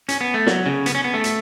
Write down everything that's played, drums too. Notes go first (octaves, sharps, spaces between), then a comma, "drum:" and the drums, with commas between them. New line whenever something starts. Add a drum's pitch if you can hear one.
C#4, drum: hi-hat
B3
A3
F#3, drum: snare
C#3
B3, drum: hi-hat
C#4
B3
A3
drum: hi-hat